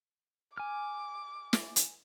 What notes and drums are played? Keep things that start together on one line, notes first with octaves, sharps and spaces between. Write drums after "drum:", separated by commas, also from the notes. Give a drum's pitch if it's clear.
G#5 D6 F6
drum: snare
drum: hi-hat